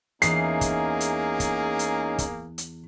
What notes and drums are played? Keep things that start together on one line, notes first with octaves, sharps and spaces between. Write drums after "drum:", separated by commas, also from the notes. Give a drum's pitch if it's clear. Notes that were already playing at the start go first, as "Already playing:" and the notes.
E2 A#3 C#4 D#4 G#4 C7, drum: hi-hat
drum: kick, hi-hat
drum: hi-hat
drum: kick, hi-hat
drum: hi-hat
drum: kick, hi-hat
drum: hi-hat